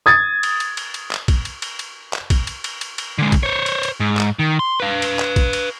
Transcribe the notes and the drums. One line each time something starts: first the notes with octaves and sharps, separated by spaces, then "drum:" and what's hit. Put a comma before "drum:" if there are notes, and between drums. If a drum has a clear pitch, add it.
D#6 G#6 A6
drum: cymbal
drum: cymbal
drum: cymbal
drum: cymbal
drum: clap
drum: kick, cymbal
drum: cymbal
drum: cymbal
drum: cymbal
drum: clap
drum: kick, cymbal
drum: cymbal
drum: cymbal
drum: cymbal
drum: cymbal
D3 G#3
drum: kick, cymbal
C5 C#5
drum: cymbal
drum: cymbal
G#2
drum: clap
D#3
C6
B4 F5
drum: cymbal
drum: clap
drum: kick, cymbal
drum: cymbal